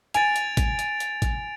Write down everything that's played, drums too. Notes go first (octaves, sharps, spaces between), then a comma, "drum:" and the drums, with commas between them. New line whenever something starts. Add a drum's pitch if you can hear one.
G#5 A6 D7 F7, drum: hi-hat
drum: hi-hat
drum: kick, hi-hat
drum: hi-hat
drum: hi-hat
drum: kick, hi-hat